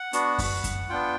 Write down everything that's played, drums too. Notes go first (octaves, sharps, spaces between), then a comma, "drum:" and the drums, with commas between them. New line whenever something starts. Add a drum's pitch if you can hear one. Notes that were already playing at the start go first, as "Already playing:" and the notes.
Already playing: F#5
B3 D4 F#4, drum: hi-hat
drum: kick F#2, open hi-hat
drum: kick F#2, hi-hat
B3 D4 F4 G5